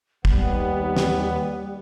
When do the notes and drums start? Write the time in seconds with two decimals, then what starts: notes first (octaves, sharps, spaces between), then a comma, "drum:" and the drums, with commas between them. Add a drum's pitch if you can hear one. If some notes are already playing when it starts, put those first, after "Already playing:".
0.25 D#2 G3 B3, drum: kick
0.97 drum: snare